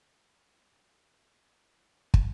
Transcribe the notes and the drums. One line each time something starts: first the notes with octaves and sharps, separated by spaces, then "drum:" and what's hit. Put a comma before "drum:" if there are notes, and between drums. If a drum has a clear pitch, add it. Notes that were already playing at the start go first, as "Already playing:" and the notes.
C#3 E3 A#3
B2 A#3 C#4
G#2 E3 B3 A#4
drum: kick